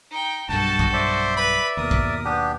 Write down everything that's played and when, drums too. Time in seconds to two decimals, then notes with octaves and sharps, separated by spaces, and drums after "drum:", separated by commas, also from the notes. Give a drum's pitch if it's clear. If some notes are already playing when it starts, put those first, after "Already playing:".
0.11 D#4 G5
0.49 B1 G2 F#4 A4 G5 A5
0.79 drum: kick A#1
0.93 C5 D5 E5
1.37 B4 B5
1.77 D#2 B2 A#4 D#6
1.91 drum: kick A#1
2.25 B3 D4 G4